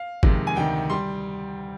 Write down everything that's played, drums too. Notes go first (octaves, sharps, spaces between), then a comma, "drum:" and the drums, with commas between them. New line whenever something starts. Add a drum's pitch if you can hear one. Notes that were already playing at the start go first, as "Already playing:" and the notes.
Already playing: F5
F2 C3 D#3 G#3, drum: kick G#1
G#5
D2 C3 D#3 G5
G3 C6